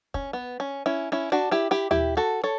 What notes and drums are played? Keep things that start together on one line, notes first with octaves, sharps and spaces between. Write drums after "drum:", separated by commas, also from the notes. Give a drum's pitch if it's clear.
C#4, drum: kick
B3
C#4
C#4 E4
C#4 E4
D4 F#4
E4 G4
E4 G4
E4 G4, drum: tom D#2
F#4 A4
A4 C#5